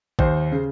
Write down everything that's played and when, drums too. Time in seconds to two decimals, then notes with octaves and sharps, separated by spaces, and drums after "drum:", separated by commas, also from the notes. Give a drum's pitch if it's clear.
0.19 D#2 C5, drum: kick
0.52 C#3